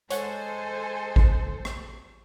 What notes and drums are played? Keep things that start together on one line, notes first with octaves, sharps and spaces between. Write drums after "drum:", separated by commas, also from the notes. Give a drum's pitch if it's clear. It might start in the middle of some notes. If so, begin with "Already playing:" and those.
G#3 A4 C5 C#5 F#5 G#5, drum: hi-hat
drum: kick G#1
drum: rim click